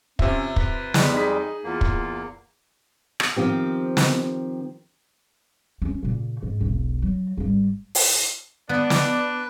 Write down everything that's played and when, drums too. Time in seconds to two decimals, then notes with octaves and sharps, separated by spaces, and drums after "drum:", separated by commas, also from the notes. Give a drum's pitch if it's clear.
0.19 C3 C#4 F4 E5, drum: kick
0.56 B4, drum: kick
0.94 F2 G3 G#3, drum: snare
1.15 D#4 G#4 B6
1.64 E2 A#3 F4
1.81 drum: kick
3.20 drum: rim click
3.36 D#3 F3 C4 G4
3.97 drum: snare
5.82 C4 C#4
6.03 A#2 C#3
6.43 G#2
6.61 E1 B1
7.02 F#3
7.37 G#1 G3
7.95 drum: open hi-hat
8.69 B3 D4 B4 D5
8.90 drum: snare